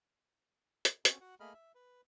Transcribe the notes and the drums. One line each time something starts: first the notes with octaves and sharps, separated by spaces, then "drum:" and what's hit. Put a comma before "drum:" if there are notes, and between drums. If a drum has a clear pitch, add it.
drum: hi-hat
C4 C#4 F#4, drum: hi-hat
F#4 F#5
A3 A#3 G#4 D#5 B5 F6
E5
B4